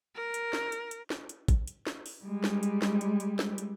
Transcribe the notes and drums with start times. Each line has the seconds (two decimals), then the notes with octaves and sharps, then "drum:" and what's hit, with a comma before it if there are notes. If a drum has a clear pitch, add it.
0.15 A#4
0.34 drum: hi-hat
0.53 drum: snare
0.72 drum: hi-hat
0.91 drum: hi-hat
1.10 drum: snare
1.29 drum: hi-hat
1.48 drum: kick, hi-hat
1.68 drum: hi-hat
1.87 drum: snare
2.06 drum: open hi-hat
2.25 G3 G#3
2.44 drum: snare
2.63 drum: hi-hat
2.82 drum: snare
3.01 drum: hi-hat
3.20 drum: hi-hat
3.39 drum: snare
3.58 drum: hi-hat